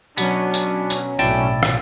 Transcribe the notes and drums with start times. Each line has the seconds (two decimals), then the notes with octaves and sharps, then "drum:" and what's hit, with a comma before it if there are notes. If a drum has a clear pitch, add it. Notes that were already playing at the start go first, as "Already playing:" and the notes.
0.17 B2 F#3 B3 C#4 D4, drum: tambourine
0.54 drum: tambourine
0.90 drum: tambourine
1.19 B1 A2 C3 E4 D5 G5 A5
1.63 drum: rim click